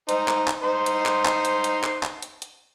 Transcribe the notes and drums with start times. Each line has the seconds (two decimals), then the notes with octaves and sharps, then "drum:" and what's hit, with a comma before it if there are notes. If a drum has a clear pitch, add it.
0.09 D#4 C5, drum: hi-hat
0.28 drum: clap
0.48 drum: clap
0.63 D#4 C5 C6
0.86 drum: hi-hat
1.06 drum: clap
1.25 drum: clap
1.45 drum: hi-hat
1.64 drum: hi-hat
1.84 drum: clap
2.03 drum: clap
2.22 drum: hi-hat
2.42 drum: hi-hat